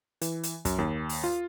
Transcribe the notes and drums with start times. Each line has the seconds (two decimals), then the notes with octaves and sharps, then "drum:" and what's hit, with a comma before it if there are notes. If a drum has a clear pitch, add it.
0.21 E3, drum: hi-hat
0.43 drum: hi-hat
0.65 F#2, drum: kick, hi-hat
0.79 D#2
1.09 drum: open hi-hat
1.24 F4